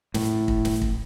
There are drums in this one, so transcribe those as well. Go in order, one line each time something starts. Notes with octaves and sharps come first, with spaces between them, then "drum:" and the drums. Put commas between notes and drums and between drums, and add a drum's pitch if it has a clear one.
A2, drum: snare
drum: kick
drum: snare
drum: kick